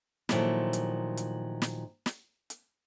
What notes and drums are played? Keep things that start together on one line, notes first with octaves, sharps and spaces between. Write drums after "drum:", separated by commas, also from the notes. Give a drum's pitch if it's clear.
A#2 D#3 F3 F#3 A3 E4, drum: snare
drum: hi-hat
drum: hi-hat
drum: snare
drum: snare
drum: hi-hat